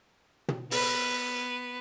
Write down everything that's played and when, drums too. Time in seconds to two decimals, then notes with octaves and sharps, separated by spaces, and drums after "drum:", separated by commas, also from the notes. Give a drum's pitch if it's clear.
0.48 drum: tom
0.71 B3 B4, drum: open hi-hat